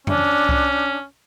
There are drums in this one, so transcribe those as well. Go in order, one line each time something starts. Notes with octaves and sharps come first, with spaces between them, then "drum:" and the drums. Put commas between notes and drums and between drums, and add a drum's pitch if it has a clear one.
C#4 D4, drum: tom F2
drum: kick C2